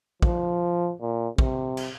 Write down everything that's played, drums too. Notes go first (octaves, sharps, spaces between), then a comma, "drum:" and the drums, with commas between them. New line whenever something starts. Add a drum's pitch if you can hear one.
F3, drum: kick
A#2
C3, drum: kick
drum: cymbal